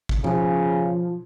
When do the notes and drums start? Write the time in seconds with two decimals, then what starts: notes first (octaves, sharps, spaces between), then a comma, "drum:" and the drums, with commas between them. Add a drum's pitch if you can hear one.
0.09 drum: kick G#1
0.24 C#3 F3, drum: tom B2